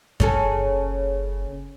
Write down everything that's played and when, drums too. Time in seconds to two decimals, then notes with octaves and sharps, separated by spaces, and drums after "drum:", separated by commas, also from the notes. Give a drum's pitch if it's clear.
0.20 F#1 C#3 C#4 A4, drum: kick F#2